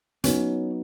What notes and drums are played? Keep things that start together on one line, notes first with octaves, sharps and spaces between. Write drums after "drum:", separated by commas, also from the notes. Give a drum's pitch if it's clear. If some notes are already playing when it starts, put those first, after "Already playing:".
F#3 B3 C#4 D#4, drum: hi-hat